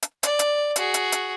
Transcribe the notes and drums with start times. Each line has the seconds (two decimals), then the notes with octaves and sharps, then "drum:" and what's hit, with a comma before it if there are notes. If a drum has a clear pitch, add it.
0.03 drum: hi-hat
0.23 D5, drum: hi-hat
0.39 drum: hi-hat
0.76 F#4 G#4, drum: hi-hat
0.94 drum: hi-hat
1.12 drum: hi-hat